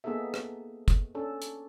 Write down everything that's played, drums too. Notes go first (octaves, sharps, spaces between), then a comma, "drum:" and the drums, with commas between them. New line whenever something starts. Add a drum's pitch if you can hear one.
A#3 B3 D#4 G#4 A4 E5
drum: rim click
drum: kick, hi-hat
C#4 D4 A4
drum: hi-hat